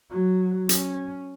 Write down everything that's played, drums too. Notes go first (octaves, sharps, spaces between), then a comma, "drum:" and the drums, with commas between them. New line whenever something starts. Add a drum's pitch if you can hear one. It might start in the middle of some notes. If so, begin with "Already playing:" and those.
F#3
C#4, drum: hi-hat